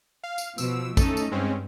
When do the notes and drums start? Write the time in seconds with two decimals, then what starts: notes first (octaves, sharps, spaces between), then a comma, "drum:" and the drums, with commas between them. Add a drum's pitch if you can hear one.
0.24 F5
0.38 drum: tambourine
0.58 B2 F3 E6, drum: tambourine
0.97 A3 C#4 D#4 A4, drum: kick, tambourine
1.17 drum: tambourine
1.32 G2 G#3 C4 C#4